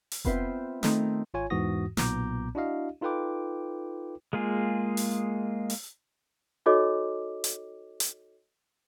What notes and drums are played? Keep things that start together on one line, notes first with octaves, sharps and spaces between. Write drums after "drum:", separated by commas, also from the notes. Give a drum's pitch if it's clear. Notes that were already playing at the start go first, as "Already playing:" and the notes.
drum: open hi-hat
B3 C4 F4 B4 C5 E5, drum: kick F1
D#3 A3 C4 D#4 A4, drum: snare
G#1 F4 C#5 G#5
E2 G#2 E3 F#4 D#6 A#6
B1 A#2 B3 A#5 D6 G6, drum: snare
D4 E4 F#4 D#5 F5
D#4 F4 A4 B4 G5 D6
G#3 A#3 F4 G#4
drum: open hi-hat
drum: open hi-hat
D#4 F#4 A4 C#5 D#5 D6
drum: hi-hat
drum: hi-hat